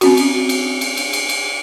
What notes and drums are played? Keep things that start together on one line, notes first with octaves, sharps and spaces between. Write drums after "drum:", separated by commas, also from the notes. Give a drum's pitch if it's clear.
C4 C#4 F#4, drum: cymbal
drum: cymbal
drum: cymbal
drum: cymbal
drum: cymbal
drum: cymbal
drum: cymbal